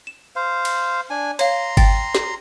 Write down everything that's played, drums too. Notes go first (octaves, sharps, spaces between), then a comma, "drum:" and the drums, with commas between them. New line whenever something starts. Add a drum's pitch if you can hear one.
E7
C5 F5
drum: cymbal
D4 G#5
C#5 F5 A#5 C6, drum: cymbal
G5 A6, drum: kick G1, cymbal
drum: snare